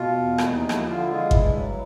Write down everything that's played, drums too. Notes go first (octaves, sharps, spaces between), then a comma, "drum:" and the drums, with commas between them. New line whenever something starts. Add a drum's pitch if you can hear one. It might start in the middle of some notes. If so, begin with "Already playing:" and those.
Already playing: B2 F4
E2
D#2 E4, drum: rim click
D#4
F3
E4, drum: rim click
D3 F4
E4
G#3 F4
G2 E4, drum: kick G#1
F#3